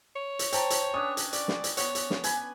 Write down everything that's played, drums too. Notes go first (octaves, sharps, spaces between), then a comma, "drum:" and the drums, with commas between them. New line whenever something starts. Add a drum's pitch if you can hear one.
C#5
drum: hi-hat
C5 G5 A5 A#5, drum: hi-hat
drum: hi-hat
C#4 D4 B4 D#6
drum: hi-hat
D5, drum: hi-hat
drum: snare
drum: hi-hat
B3 C#5 F#5, drum: hi-hat
drum: hi-hat
drum: snare
B4 G#5 B5, drum: hi-hat